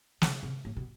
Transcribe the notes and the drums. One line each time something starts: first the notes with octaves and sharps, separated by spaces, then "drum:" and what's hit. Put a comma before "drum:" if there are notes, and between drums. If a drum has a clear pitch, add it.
C3, drum: snare
C3
A2
B2